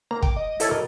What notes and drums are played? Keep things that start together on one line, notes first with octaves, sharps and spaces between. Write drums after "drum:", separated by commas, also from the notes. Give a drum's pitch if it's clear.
A#3 A#5
G5 D6, drum: kick
D#5
E4 A4 C#5, drum: hi-hat
B2 A#4 D#5